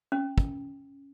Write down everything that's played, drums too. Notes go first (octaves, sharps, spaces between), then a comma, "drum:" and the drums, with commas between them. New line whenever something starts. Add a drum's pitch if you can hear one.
C#4
drum: kick